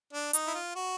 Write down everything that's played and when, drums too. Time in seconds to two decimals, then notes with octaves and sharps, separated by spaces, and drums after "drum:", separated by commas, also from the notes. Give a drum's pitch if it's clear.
0.13 D4
0.33 D#4, drum: hi-hat
0.47 E4
0.55 F4
0.75 F#4